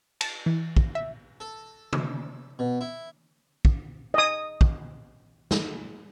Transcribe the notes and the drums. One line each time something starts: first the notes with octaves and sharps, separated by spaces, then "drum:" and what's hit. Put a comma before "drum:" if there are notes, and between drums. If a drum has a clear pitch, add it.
A5, drum: cymbal
E3
drum: kick
E5
A4
drum: tom
B2
E4
drum: kick
D#5 D#6
drum: kick
drum: snare